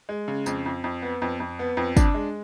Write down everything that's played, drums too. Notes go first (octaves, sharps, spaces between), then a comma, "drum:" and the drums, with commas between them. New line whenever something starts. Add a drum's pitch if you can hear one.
G#3
C#3
F2, drum: tambourine
F2
F2
B3
F2
F2
B3
F2
D4, drum: kick, tambourine
G#3